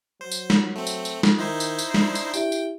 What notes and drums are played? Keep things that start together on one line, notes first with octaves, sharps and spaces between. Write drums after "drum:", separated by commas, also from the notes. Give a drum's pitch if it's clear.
F#3 C5
drum: tambourine
drum: snare
A3 C4
drum: tambourine
drum: tambourine
drum: snare
D#3 D#4 E4 C5
drum: tambourine
drum: tambourine
D4, drum: snare
drum: tambourine
E4 G4 E5 G5, drum: tambourine
drum: tambourine